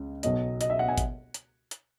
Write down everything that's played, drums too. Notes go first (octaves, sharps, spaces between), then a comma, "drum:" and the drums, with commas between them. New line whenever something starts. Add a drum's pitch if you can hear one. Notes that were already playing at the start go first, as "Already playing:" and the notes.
Already playing: C#2 C#3
B1 B2 F#3 D#5, drum: hi-hat
D#5, drum: hi-hat
E5
F#5
G#5
drum: kick G#1, hi-hat
drum: hi-hat
drum: hi-hat